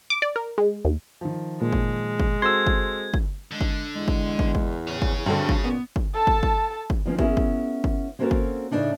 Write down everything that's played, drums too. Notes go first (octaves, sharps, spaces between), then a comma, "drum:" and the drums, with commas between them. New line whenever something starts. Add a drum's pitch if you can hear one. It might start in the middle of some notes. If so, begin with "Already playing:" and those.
D6
D5
A#4
G#3
D#2
D#3 F3
A#2 G#3
drum: kick
drum: kick
C4 F#4 A4 C6 E6 G#6
drum: kick
drum: kick
D3 G#3
drum: kick
E2 G#3
drum: kick
drum: kick
drum: kick
A2 G#4 C#5
drum: kick
G2 D3 C4 F#4
drum: kick
A#2 B3 C#4
drum: kick
A4 A5
drum: kick
drum: kick
drum: kick
D#3 F3 C4 C#4
B3 C#4 E4 G#4 A#4, drum: kick
drum: kick
drum: kick
A#3 C4 C#4 F#4 A4 A#4
drum: kick
A2 C#3 E3 A3 D4 D#4